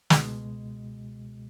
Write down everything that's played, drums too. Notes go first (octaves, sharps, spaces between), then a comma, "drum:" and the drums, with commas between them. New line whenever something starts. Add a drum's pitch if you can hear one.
C#2 B2 G#3, drum: snare